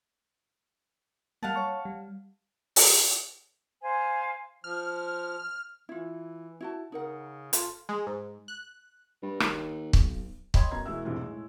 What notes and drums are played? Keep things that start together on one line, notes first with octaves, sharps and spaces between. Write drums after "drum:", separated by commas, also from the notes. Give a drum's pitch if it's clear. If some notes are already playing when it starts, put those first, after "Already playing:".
G3 A#3 F5 F#5 A5
C#5 C#6
G3
drum: open hi-hat
C5 F5 G#5
F3 F6
E3 E4 F4
E4 F#4 A5
C#3 D#4 A#4 F#5
F4 A4, drum: hi-hat
G#3
G#2
F#6
G2
D#2, drum: rim click
B1, drum: kick
C#5 D#5 G5 B5 C6 G#6, drum: kick
F#2 B3 A#5 G#6
B2 E3 G#3 A#3 E5 E6
B1 E2 G2 C3 G#3
A2 G#3